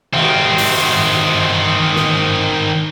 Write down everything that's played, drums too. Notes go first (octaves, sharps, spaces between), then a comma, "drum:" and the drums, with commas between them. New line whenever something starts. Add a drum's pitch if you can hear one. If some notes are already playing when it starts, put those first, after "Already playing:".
D#3 C4, drum: cymbal
drum: open hi-hat
drum: snare